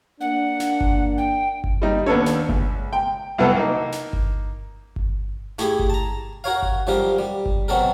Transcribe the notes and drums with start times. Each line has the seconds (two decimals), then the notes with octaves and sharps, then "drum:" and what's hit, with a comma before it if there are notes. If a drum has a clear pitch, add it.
0.21 A#3 D4 F#5
0.60 drum: snare
0.81 drum: kick G1
1.18 G5
1.64 drum: kick G1
1.82 G3 D#4
2.06 D#2 B3 D4 A4 C#5, drum: tom C#4
2.26 drum: snare
2.49 C#2, drum: kick G1
2.93 G5
3.38 C2 F#3 B3 A4
3.56 A#3 D#4
3.92 drum: snare
4.13 drum: kick G1
4.96 drum: kick G1
5.59 A3 E4 G4 G#4, drum: snare
5.79 drum: kick G1
5.90 A5 A#5
6.44 F#4 A#4 C#5 F5
6.62 drum: kick G1
6.87 F#2 F3 G3 G4 A#4
7.19 G3
7.46 drum: kick G1
7.68 B2 F#3 C4 A4 A#4